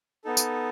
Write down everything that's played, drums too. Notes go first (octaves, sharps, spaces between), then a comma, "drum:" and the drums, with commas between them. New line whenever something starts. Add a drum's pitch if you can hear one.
B3 D#4 A4
drum: tambourine